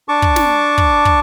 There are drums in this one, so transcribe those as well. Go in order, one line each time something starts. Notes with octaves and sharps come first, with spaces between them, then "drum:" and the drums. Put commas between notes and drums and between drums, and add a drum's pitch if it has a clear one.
D4 A5 C#6 D6
drum: kick
drum: snare
drum: kick
drum: kick